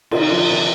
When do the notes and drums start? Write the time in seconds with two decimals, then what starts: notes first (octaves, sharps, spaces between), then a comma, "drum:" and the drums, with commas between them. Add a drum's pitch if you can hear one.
0.11 C3 D#3 F4, drum: cymbal
0.21 D#4
0.31 D3 F3 F4
0.49 C3 D#3